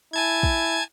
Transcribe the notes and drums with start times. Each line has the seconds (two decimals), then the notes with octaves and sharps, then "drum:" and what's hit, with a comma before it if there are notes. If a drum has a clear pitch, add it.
0.13 E4 G#5 A5 G#6
0.43 drum: kick